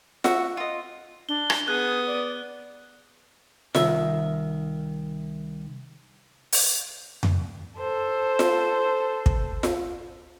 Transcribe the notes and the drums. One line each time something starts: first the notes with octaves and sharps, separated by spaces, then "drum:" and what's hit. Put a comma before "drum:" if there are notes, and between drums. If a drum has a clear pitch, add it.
F#4 E5 F#5, drum: snare F4
F4 D#5
D4 G7
drum: rim click
B3 G#4 D#6 F#6
D5
C2 D#3 E5, drum: snare F4
drum: open hi-hat
drum: tom F2
A4 C5
drum: snare F4
drum: kick
drum: snare F4